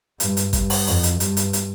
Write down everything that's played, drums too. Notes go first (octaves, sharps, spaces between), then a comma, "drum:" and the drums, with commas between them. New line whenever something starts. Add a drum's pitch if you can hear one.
G2, drum: hi-hat
drum: hi-hat
G2, drum: kick G#1, hi-hat
drum: open hi-hat
F2, drum: open hi-hat
drum: hi-hat
G2, drum: hi-hat
drum: hi-hat
drum: hi-hat